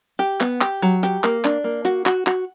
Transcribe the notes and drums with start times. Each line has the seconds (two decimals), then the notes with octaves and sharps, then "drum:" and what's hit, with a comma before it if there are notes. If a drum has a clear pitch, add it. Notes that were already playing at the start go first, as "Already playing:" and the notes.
0.19 G4
0.40 B3, drum: clap
0.61 G4, drum: clap
0.82 F#3
1.03 G4, drum: hi-hat
1.24 A#3, drum: clap
1.44 D4, drum: clap
1.64 A#3
1.85 F#4, drum: hi-hat
2.06 F#4, drum: clap
2.27 F#4, drum: clap